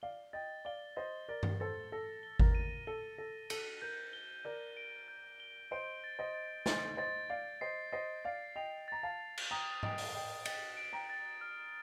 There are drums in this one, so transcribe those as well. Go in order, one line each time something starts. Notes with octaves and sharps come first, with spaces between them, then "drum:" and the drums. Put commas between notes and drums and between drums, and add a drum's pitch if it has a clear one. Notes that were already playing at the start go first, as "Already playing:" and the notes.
D5 F5 G7
D#5 G5 A6
D5 F5 G7
C5 D#5 A6
A#4 D5 A6
drum: tom G2
A4 C5 A6
A4 A#6
G7
A#4, drum: kick G#1
D#7
A4 G7
A4 A#6
A4 D#7, drum: cymbal
A#4 G6
G7
A#4 D5 G6
D7
G6
G7
C5 D#5 D7
A6
C5 D#5
A6
C5 D#5 A6, drum: snare
C5 D#5 A6
D5 F5 A6
C5 D#5 C7
C5 D#5 C7
D5 F5 A6
D#5 G5 F7
A#5 A6
F5 A5
A6
drum: cymbal
G5 A#5 D#6
D#5 G5 D7, drum: tom G#2
drum: open hi-hat
D#5 G5 D#6
D#5 G5 A6, drum: cymbal
D7
G5 A#5
A6
F6